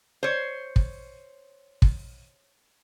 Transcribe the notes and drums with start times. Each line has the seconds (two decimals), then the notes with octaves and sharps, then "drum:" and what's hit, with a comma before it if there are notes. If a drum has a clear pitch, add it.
0.23 C5 C#5
0.76 drum: kick
1.82 drum: kick